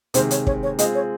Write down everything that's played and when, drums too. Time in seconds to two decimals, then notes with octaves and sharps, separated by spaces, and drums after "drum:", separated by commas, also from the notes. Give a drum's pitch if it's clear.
0.14 C3 D#3 G#3 C5, drum: hi-hat
0.31 C#5, drum: hi-hat
0.47 C#5, drum: kick
0.63 C#5
0.79 G#3 C4 F4 D#5, drum: hi-hat
0.95 C#5